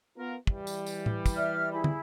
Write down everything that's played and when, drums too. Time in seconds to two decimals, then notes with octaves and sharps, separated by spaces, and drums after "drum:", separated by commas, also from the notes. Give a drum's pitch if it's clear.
0.17 B3 F4 A#4
0.47 E3 G3, drum: kick
0.67 drum: tambourine
0.86 drum: tambourine
1.06 drum: tom A2
1.26 drum: kick, tambourine
1.36 D5 E5 F6
1.73 E4 G#4 B5
1.84 drum: tom